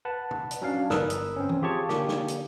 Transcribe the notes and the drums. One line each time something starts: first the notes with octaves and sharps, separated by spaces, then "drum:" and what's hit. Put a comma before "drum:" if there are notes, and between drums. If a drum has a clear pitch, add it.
B4 F#5 A5
drum: tom
drum: hi-hat
F#3 C#4 D4 F5
G1 A#4 B4 D#6 E6, drum: snare
drum: hi-hat
C4 C#4
drum: tom E3
F4 G4 G#4 C#5 A5 C#6
D3 A#3 G4, drum: snare
drum: snare
drum: hi-hat